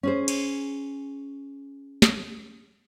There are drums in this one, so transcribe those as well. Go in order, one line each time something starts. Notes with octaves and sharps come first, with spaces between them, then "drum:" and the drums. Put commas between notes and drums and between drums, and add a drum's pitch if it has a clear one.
C#4 G#4 C5
drum: cymbal
drum: snare